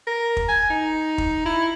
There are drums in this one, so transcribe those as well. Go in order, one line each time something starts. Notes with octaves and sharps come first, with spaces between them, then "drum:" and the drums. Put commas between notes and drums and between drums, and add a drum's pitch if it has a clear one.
A#4
drum: kick
G#5
D#4
drum: kick
E4